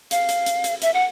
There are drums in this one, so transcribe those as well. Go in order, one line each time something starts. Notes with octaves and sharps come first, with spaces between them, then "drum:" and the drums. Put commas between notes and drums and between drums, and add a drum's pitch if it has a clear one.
F5, drum: hi-hat
drum: hi-hat
drum: hi-hat
drum: hi-hat
E5, drum: hi-hat
F#5